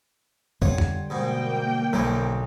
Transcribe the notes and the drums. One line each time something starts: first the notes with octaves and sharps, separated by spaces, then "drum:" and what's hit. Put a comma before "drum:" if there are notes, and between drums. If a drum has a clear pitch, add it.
D3 G3 F4 C#5 F#5, drum: kick C#2
drum: tom
G#2 B2 A#3 G5
B1 F#2 F3 E4